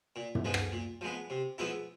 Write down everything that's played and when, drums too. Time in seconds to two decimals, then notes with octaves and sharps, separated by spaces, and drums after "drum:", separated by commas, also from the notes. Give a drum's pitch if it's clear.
0.16 A#2
0.35 drum: tom
0.45 F3 G#3 B3
0.54 drum: rim click
0.72 A#2
1.01 F3 G#3 B3
1.30 C3
1.58 F3 G#3 B3 E4